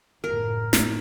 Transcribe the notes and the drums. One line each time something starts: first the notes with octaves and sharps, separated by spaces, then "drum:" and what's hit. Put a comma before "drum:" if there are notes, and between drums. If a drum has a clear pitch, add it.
F#1 A2 A#4
drum: snare